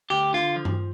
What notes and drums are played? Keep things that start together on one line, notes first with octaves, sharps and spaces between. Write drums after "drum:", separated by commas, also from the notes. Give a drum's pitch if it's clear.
D2 G4
D3 F4
F3
drum: tom G2